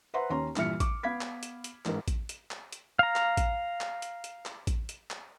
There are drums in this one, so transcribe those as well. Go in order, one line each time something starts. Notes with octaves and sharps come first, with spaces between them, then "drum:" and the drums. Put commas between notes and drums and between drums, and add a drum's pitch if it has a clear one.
B4 C5 E5 F#5 A#5 C6
D#2 C#4 A#5 C6
G2 A#2 E3 E5 F6 C#7, drum: clap
D6, drum: kick A1, hi-hat
B3 F5 B5 G#6 B6
drum: clap
drum: hi-hat
drum: hi-hat
A1 G#2 A#4, drum: clap
drum: kick A1, hi-hat
drum: hi-hat
drum: clap
drum: hi-hat
F5 A#5
drum: clap
drum: kick A1, hi-hat
drum: clap
drum: hi-hat
drum: hi-hat
drum: clap
drum: kick A1, hi-hat
drum: hi-hat
drum: clap